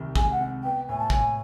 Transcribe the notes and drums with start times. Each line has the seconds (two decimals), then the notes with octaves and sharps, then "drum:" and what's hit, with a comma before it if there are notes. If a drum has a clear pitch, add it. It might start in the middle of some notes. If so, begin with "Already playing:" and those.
Already playing: C2 D#3
0.16 G#3 G#5, drum: kick
0.31 F#5
0.40 C3
0.64 B3 G5
0.88 A2 G#5
0.99 A5
1.10 A2 G#5, drum: kick